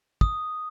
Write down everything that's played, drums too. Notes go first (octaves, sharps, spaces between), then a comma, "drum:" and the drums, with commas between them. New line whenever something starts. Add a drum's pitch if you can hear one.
D#6, drum: kick